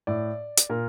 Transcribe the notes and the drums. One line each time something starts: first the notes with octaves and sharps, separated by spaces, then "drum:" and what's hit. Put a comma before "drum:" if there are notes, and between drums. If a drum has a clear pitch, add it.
A2 D5
drum: hi-hat
A#2 A#4